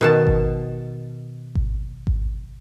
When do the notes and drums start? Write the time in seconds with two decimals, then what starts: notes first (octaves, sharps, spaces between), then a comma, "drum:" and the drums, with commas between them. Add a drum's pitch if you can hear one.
0.01 B2 D#3 A5
0.27 drum: kick G#1
1.55 drum: kick G#1
2.07 drum: kick G#1